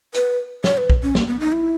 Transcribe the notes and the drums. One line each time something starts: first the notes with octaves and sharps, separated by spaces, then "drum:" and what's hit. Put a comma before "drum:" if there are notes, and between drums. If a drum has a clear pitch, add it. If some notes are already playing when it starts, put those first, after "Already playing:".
B4, drum: hi-hat
C#5, drum: snare
B4
drum: kick
C#4
A#3, drum: snare
B3
D#4
E4